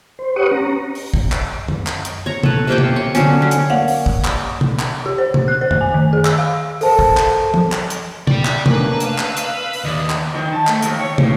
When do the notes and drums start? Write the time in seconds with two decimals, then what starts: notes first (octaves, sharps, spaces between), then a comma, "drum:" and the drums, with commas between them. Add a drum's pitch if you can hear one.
0.19 C5
0.36 G4 B4 C#5 F#5 C#6 D#6
0.51 C#4 A#5
0.64 A#5
0.95 drum: open hi-hat
1.14 drum: kick
1.32 drum: clap
1.68 drum: tom
1.87 drum: clap
2.05 drum: hi-hat
2.26 C#5 A#5
2.43 A4 B4, drum: tom
2.67 C3 A#3 C4 G5
2.78 drum: tom
2.96 C#5
3.15 D3 F#3 C4 C#4, drum: hi-hat
3.42 C#4
3.51 drum: hi-hat
3.70 A#3 C#5 D5 F5 F#5
3.88 drum: open hi-hat
4.06 drum: kick
4.24 drum: clap
4.61 drum: tom
4.79 drum: clap
5.06 G4
5.18 C5
5.34 drum: tom
5.48 F#6
5.61 C5
5.71 drum: tom
5.81 G#5
5.94 D#3
6.13 G#4
6.25 E6, drum: clap
6.38 F5
6.81 A4 A#4 C5 A5, drum: open hi-hat
6.99 drum: kick
7.17 drum: clap
7.54 drum: tom
7.72 drum: clap
7.90 drum: hi-hat
8.27 D5 G5, drum: tom
8.45 drum: clap
8.66 A3 A#3 C#4 D4 B4, drum: tom
9.00 F5 E6, drum: hi-hat
9.18 drum: clap
9.37 drum: hi-hat
9.73 drum: open hi-hat
9.84 D#2 D5 D#5
10.10 drum: clap
10.35 D#3
10.53 A5
10.67 A3, drum: clap
10.82 D#2, drum: hi-hat
11.00 C#5
11.18 A2, drum: tom